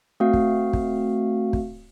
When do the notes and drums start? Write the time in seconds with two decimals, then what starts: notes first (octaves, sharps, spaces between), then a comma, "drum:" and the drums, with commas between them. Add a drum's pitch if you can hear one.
0.20 A3 C4 F#4 F5
0.33 drum: kick
0.73 drum: kick
1.53 drum: kick